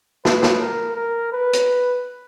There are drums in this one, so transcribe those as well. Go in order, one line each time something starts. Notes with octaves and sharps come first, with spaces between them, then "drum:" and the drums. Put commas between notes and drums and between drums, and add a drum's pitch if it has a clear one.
B4, drum: snare
drum: snare
A#4
A#4
B4
drum: hi-hat